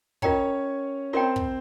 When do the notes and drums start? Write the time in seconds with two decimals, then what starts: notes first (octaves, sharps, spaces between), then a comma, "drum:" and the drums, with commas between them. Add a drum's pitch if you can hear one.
0.22 C#4 F4 A#4 C#5 D#5 G5 A#5, drum: kick
1.13 C4 F4 A#4 C5 D#5 G5 A#5
1.36 drum: kick